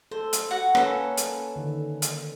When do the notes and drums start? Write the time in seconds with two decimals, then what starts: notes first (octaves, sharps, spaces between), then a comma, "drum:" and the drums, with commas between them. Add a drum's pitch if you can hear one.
0.11 A4 C5
0.33 drum: hi-hat
0.51 F#4 F#5
0.75 A#3 C#4 A4 B4 F#5, drum: rim click
1.17 drum: hi-hat
1.56 D3 D#3
2.02 drum: hi-hat